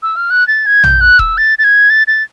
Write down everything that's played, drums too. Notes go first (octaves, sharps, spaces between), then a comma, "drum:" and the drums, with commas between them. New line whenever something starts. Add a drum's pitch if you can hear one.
E6
F6
F#6
A6
G#6
G6, drum: tom A#1
F#6
E6, drum: kick D#1
A6
A6
G#6
A6
A6